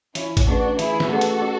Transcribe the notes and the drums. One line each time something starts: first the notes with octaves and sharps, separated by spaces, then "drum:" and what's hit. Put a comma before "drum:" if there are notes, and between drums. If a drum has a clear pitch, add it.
E3 C#4 E4, drum: hi-hat
drum: kick G#1, hi-hat
A3 C#4 D4 F#4 G#4 B4
E3 E4 G#4, drum: hi-hat
drum: snare
A3 C#4 F#4 G#4 A4 B4
drum: hi-hat
C#4